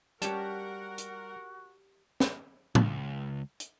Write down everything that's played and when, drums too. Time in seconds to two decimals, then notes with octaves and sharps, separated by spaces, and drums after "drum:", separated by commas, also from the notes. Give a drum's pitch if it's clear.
0.22 G3 F#4 G4 A#4 C#5 F#5 A5, drum: hi-hat
0.98 drum: hi-hat
2.20 drum: snare
2.75 C#2, drum: tom
3.60 drum: hi-hat